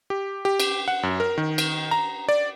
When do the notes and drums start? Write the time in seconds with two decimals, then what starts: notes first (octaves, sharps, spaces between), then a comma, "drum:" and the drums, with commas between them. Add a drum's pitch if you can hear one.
0.10 G4
0.45 G4
0.60 drum: cymbal
0.88 F#5
1.03 F#2
1.20 A#4
1.38 D#3
1.58 drum: cymbal
1.91 A#5
2.29 D5